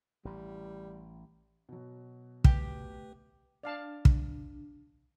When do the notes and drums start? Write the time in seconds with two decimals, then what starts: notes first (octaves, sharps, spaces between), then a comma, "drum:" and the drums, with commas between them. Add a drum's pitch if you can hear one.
0.25 A1 E3 G3
1.69 B2 F#3
2.44 A3 G4 B4, drum: kick
3.63 D4 D5 F5 A5
4.05 drum: kick